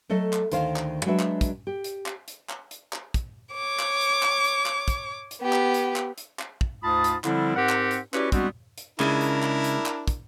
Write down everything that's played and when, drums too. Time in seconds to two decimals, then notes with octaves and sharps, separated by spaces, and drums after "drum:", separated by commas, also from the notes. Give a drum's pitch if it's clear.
0.09 F#3 A3 A4 D#5
0.33 drum: clap
0.52 D2 D#3 C5 F5, drum: hi-hat
0.76 drum: clap
1.06 F#3 G#3 D4 F#4 B4 E5
1.19 drum: clap
1.41 drum: kick, hi-hat
1.67 G4
1.84 drum: hi-hat
2.06 drum: clap
2.28 drum: hi-hat
2.49 drum: clap
2.71 drum: hi-hat
2.93 drum: clap
3.14 drum: kick, hi-hat
3.53 C#5 D6
3.79 drum: clap
4.01 drum: hi-hat
4.23 drum: clap
4.44 drum: hi-hat
4.66 drum: clap
4.88 drum: kick, hi-hat
5.31 drum: hi-hat
5.41 B3 G4
5.53 drum: clap
5.74 drum: hi-hat
5.96 drum: clap
6.18 drum: hi-hat
6.39 drum: clap
6.61 drum: kick
6.83 D2 G#2 F4 A5 B5 D#6
7.04 drum: hi-hat
7.24 D3 F3 G3 C4 E4, drum: clap
7.56 G#2 C4 G4 A#4 F#5
7.69 drum: clap
7.91 drum: hi-hat
8.14 C#4 E4 F#4 G4 B4 D5, drum: clap
8.32 G3 G#3 B3 C4 D4 F#4, drum: kick, hi-hat
8.78 drum: hi-hat
9.00 C#3 G#3 D4 E4 A#4, drum: clap
9.21 drum: hi-hat
9.43 drum: clap
9.64 drum: hi-hat
9.86 drum: clap
10.08 drum: kick, hi-hat